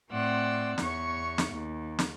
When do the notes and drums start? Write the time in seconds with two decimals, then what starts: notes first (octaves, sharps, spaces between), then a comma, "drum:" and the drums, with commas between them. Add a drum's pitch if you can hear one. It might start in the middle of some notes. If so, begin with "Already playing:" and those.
0.10 A2 C4 D5 F#5 C6 E6
0.78 E2 B3 C#5 C#6, drum: snare
1.38 drum: snare
1.51 D#2
1.99 drum: snare